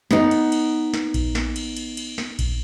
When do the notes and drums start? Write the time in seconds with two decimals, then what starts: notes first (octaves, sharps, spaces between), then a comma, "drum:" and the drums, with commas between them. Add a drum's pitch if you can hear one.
0.11 B3 D#4, drum: snare
0.31 drum: cymbal
0.52 drum: cymbal
0.94 drum: snare
1.14 drum: kick A#1, cymbal
1.35 drum: snare
1.56 drum: cymbal
1.77 drum: cymbal
1.97 drum: cymbal
2.18 drum: snare
2.39 drum: kick A#1, cymbal